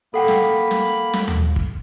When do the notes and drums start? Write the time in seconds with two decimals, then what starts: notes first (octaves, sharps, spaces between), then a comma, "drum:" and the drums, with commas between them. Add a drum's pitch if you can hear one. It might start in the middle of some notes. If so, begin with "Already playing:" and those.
0.14 A#3 A4 F#5 G5 B5
0.28 drum: snare
0.71 drum: snare
1.13 drum: snare
1.28 drum: tom D#2
1.56 drum: kick